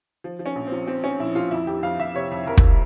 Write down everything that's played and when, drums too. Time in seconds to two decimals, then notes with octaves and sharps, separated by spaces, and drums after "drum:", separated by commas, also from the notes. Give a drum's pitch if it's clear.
0.24 F3
0.39 F3
0.46 C#4
0.56 A#1
0.67 C4
0.72 F3
0.87 F3 C4
1.03 F3 C#4
1.20 A#1 E4
1.35 A#1 F4
1.51 F2 E4
1.67 F2 G4
1.83 F2 F5
1.99 F2 E5
2.14 C3 C#5
2.31 F2
2.46 F2 A#4
2.57 drum: kick